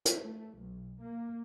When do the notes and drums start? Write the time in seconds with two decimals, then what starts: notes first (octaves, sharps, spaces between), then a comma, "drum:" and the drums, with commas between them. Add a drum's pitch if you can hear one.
0.05 drum: hi-hat
0.20 A3
0.58 B1
1.02 A#3